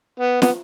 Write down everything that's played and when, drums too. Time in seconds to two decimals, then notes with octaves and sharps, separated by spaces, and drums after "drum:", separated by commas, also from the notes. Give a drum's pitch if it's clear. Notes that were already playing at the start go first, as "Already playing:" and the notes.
0.20 B3
0.42 B3, drum: snare